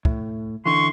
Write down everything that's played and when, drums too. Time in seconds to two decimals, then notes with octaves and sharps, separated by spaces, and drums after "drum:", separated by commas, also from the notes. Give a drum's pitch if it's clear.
0.05 A2, drum: kick
0.66 D3 E3 C6 C#6